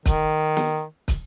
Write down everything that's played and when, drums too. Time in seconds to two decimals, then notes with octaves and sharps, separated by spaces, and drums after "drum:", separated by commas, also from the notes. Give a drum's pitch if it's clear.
0.06 D#3, drum: kick, hi-hat
0.57 drum: snare
1.08 drum: kick, hi-hat